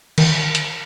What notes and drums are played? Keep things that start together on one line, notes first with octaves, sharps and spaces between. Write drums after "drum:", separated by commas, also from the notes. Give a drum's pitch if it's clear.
D#3, drum: cymbal
drum: hi-hat